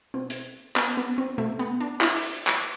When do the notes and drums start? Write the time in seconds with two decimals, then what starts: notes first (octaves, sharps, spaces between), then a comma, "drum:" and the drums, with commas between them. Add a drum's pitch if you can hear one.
0.14 B2 C4
0.30 drum: hi-hat
0.76 B3, drum: clap
0.97 B3
1.18 C4
1.38 B2 A3
1.59 B3
1.80 D4
2.01 E4, drum: clap
2.16 drum: open hi-hat
2.47 drum: clap